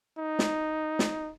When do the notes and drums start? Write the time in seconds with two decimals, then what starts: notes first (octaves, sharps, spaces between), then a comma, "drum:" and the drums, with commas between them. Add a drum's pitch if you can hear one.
0.19 D#4
0.39 drum: snare
0.99 drum: snare